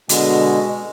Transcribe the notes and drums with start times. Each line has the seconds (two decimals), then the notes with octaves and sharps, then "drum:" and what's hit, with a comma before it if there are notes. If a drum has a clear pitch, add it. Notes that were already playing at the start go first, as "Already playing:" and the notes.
0.09 B2 D3 G#3, drum: hi-hat